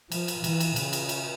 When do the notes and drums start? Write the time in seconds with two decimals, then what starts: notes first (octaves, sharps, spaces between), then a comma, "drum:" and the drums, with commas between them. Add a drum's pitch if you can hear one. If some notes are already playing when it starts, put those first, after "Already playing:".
0.12 F3, drum: cymbal
0.28 drum: cymbal
0.44 E3, drum: cymbal
0.60 drum: cymbal
0.76 C#3, drum: cymbal
0.93 drum: cymbal
1.09 drum: cymbal